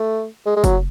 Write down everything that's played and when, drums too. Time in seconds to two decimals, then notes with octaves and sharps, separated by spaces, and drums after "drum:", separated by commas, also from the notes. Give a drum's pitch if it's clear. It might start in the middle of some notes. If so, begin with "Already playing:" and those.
Already playing: A3
0.46 G#3
0.56 G#3
0.64 F#3, drum: kick, hi-hat